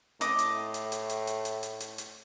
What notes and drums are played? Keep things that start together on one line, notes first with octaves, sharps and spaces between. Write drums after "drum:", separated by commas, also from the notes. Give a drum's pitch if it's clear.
A2 D#5 D6 D#6, drum: hi-hat
drum: hi-hat
drum: hi-hat
drum: hi-hat
drum: hi-hat
drum: hi-hat
drum: hi-hat
drum: hi-hat
drum: hi-hat
drum: hi-hat